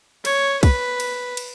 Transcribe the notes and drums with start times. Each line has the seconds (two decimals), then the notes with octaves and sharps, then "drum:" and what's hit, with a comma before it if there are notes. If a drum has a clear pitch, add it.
0.25 C#5, drum: cymbal
0.63 B4, drum: kick, cymbal
1.00 drum: cymbal
1.37 drum: cymbal